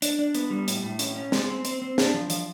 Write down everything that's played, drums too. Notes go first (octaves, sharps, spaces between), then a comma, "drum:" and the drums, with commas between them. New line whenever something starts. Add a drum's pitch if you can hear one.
D4, drum: hi-hat
D4
B3, drum: hi-hat
G3
A2, drum: hi-hat
A2
C#4, drum: hi-hat
C#4
G#3, drum: snare
C4
C4, drum: hi-hat
C4
D4, drum: snare
F3
F3, drum: hi-hat